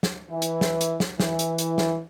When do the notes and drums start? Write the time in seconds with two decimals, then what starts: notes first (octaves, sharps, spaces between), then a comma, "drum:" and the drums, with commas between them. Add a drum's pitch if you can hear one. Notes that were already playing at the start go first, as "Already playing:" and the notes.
0.03 drum: snare
0.30 E3
0.42 drum: hi-hat
0.61 drum: snare
0.81 drum: hi-hat
1.00 drum: snare
1.20 E3, drum: snare
1.39 drum: hi-hat
1.58 drum: hi-hat
1.78 drum: snare